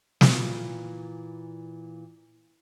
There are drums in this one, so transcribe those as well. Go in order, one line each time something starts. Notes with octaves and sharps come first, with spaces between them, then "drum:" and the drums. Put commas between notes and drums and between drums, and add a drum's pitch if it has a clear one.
A#2 E3, drum: snare